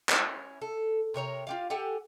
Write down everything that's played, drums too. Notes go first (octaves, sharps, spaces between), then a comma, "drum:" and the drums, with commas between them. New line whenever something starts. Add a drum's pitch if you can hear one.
C#4 E4, drum: clap
A4
C3 A#4 C#5 A#5
F4 G4 F5
G4 A4 F#5 G#5